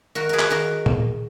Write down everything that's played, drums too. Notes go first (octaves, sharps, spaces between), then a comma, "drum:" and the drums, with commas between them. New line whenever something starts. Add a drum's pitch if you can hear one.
D#3 F#4 A#4
G#4 A#4 B4
drum: clap
D#3 F#4 A#4
drum: tom A#2